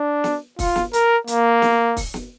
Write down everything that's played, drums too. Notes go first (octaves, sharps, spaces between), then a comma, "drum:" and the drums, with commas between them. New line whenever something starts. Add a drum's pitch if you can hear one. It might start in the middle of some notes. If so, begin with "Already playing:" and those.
Already playing: D4
drum: snare
F4, drum: kick, open hi-hat
drum: snare
A#4, drum: hi-hat
A#3, drum: hi-hat
drum: snare
drum: kick, open hi-hat
drum: snare